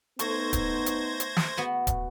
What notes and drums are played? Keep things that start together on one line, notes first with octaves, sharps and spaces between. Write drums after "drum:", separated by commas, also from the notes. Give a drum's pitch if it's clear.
A3 B3 D#4 C5 C#6 G#6 A#6, drum: hi-hat
drum: kick D1, hi-hat
drum: hi-hat
drum: hi-hat
drum: snare
B3 F#4 B4
drum: kick D1, hi-hat